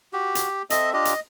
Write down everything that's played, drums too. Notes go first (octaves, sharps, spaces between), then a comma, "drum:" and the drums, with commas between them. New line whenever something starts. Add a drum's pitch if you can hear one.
F#4 G4
drum: hi-hat
C4 A4 D#5 E5, drum: hi-hat
D4 F4 G4 D#5
drum: hi-hat